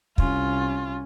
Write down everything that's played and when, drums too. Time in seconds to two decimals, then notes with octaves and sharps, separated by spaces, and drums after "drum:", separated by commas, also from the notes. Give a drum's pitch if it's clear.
0.18 C2 C#4 F4, drum: kick